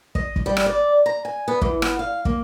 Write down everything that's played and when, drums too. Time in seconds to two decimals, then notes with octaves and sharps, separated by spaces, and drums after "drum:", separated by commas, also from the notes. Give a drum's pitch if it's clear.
0.15 D#5, drum: kick
0.36 drum: kick
0.46 G3
0.57 drum: rim click
0.66 D5
1.06 A#5
1.25 G#5
1.48 B3
1.62 E3, drum: kick
1.82 B3, drum: rim click
1.99 F5
2.25 A#3, drum: kick